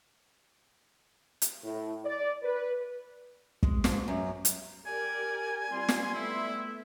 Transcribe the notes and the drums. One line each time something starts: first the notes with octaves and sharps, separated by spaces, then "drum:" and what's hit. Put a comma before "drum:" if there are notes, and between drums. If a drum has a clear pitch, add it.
drum: hi-hat
A2
D5
B4
G#3, drum: kick
G#2, drum: snare
F#2
drum: hi-hat
G4 A#4 D5 G#5
G3 C4 F4 C6
drum: snare
A3 B3 E4 E5